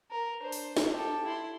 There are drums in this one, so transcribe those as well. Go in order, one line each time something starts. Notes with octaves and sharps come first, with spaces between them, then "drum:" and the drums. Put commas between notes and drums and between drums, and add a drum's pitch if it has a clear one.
A#4
D4 C5
drum: open hi-hat
drum: snare
G4 A4
E4 C6